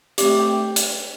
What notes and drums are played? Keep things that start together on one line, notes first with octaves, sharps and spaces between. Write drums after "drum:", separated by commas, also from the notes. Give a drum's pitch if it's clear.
A3 C4 G4 D6, drum: hi-hat
G5
drum: hi-hat